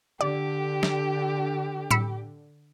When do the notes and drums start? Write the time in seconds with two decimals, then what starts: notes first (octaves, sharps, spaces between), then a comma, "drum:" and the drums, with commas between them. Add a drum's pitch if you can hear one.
0.21 D3 G4 D5
0.83 drum: snare
1.91 B5 E6 C#7, drum: tom A2